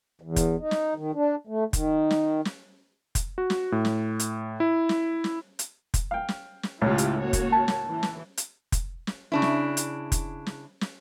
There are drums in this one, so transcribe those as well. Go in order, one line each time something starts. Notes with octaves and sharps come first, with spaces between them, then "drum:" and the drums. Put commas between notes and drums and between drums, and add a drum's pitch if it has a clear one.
E2
drum: kick F1, hi-hat
D#4
drum: snare
D#3
D4
A3
D#3, drum: kick F1, hi-hat
drum: snare
drum: snare
drum: kick F1, hi-hat
F#4
drum: snare
A2
drum: snare
drum: hi-hat
E4
drum: snare
drum: snare
drum: hi-hat
drum: kick F1, hi-hat
F5 G5
drum: snare
drum: snare
C#2 A2 C#4 E4 F4 G4
drum: hi-hat
A#3 F#4 C#5
drum: kick F1, hi-hat
A5
drum: snare
E3
drum: snare
drum: hi-hat
drum: kick F1, hi-hat
drum: snare
C#3 D4 E4
drum: snare
drum: hi-hat
drum: kick F1, hi-hat
drum: snare
drum: snare